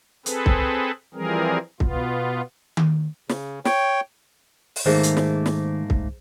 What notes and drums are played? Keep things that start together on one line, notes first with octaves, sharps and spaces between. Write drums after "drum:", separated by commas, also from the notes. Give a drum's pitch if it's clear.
C4 G#4 A4 B4, drum: hi-hat
drum: kick C2
E3 F3 G3 C4 G#4 A#4
B2 B3 F4, drum: kick C2
drum: tom D#3
C#3, drum: snare
C#5 G5, drum: snare
drum: open hi-hat
G#2 D#3 A3 A#3 G#4 C5
drum: hi-hat
drum: snare
drum: snare
drum: kick C2